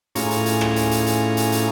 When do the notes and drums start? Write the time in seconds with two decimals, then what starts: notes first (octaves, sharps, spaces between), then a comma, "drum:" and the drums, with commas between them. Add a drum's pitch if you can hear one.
0.15 A2 C#4 F4 G#4 A#5 C#6, drum: hi-hat
0.31 drum: hi-hat
0.46 drum: hi-hat
0.61 drum: rim click
0.76 drum: hi-hat
0.91 drum: hi-hat
1.06 drum: hi-hat
1.37 drum: hi-hat
1.52 drum: hi-hat